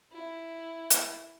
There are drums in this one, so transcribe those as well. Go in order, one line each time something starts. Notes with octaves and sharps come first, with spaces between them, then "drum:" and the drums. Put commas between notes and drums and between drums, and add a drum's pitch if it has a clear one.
E4
drum: hi-hat